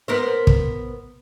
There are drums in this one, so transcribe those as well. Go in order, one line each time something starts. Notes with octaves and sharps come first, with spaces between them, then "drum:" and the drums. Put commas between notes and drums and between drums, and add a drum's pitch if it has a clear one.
B3 A#4 C5
drum: kick